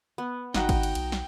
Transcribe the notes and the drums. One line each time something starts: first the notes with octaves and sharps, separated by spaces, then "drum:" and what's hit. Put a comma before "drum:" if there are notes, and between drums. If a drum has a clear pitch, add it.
B3
G#1 D#4 F#4 B4 F#5 G5, drum: snare
drum: kick, cymbal
drum: cymbal
B1, drum: cymbal
drum: snare